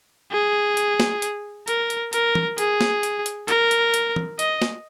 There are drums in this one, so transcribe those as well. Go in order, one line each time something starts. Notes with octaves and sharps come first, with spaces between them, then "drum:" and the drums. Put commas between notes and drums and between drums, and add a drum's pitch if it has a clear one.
G#4
drum: hi-hat
drum: snare
drum: hi-hat
A#4, drum: hi-hat
drum: hi-hat
A#4, drum: hi-hat
drum: tom
G#4, drum: hi-hat
drum: snare
drum: hi-hat
drum: hi-hat
A#4, drum: hi-hat
drum: hi-hat
drum: hi-hat
drum: tom
D#5, drum: hi-hat
drum: snare